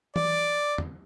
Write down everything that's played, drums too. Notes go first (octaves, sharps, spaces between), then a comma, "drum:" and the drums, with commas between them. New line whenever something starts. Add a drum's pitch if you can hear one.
D5, drum: tom E3
drum: tom